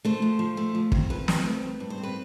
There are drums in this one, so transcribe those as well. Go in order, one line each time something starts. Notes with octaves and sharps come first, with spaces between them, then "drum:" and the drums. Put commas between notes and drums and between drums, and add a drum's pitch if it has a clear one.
A3 C5
F3
F3
A3
F3
C4, drum: kick
F3 B4
C4, drum: snare
A3
A3
G2
C5
C4
B4